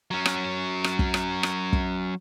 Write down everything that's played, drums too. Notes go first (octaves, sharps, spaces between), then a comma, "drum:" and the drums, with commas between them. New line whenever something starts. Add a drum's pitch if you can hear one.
F#3 C#4
drum: rim click
drum: rim click
drum: kick
drum: rim click
drum: rim click
drum: kick